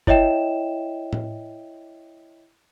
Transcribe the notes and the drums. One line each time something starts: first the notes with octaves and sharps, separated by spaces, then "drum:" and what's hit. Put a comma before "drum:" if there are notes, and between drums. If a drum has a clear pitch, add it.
E4 C#5 D#5 E5 G5 E7, drum: kick
drum: tom A2